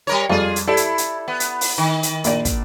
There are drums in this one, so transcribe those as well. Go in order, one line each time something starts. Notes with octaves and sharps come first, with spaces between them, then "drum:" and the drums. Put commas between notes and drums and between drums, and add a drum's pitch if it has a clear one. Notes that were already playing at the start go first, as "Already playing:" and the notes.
G3 A#4 C#5
F2 G3 F4 G#4
drum: hi-hat
E4 G4 A4 D5
drum: hi-hat
drum: hi-hat
B3
drum: hi-hat
drum: open hi-hat
D#3
drum: hi-hat
A#1 D5, drum: hi-hat
drum: kick, hi-hat